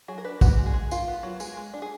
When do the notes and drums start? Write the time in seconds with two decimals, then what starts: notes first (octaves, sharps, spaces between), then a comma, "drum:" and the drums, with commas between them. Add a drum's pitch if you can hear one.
0.08 F#3 G#4
0.18 A#4
0.24 D4 B4
0.41 G#3 F#4, drum: kick, tambourine
0.58 G#3
0.66 G#4
0.74 G#3
0.91 D#3 F4, drum: tambourine
1.08 B3
1.23 F#3
1.40 G#3 G#4, drum: tambourine
1.57 G#3
1.74 D4
1.82 G#4